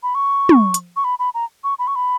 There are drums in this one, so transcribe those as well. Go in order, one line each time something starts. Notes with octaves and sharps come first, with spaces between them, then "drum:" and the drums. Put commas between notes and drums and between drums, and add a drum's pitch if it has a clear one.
B5
C#6
drum: tom
drum: hi-hat
C#6
B5
B5
A#5
C#6
B5
C#6
B5